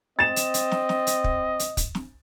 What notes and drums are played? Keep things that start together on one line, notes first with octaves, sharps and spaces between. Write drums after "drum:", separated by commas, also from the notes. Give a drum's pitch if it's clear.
C4 D#5 A6 E7
drum: hi-hat
drum: hi-hat
drum: snare
drum: snare
drum: hi-hat
drum: kick
drum: hi-hat
drum: kick, hi-hat
drum: snare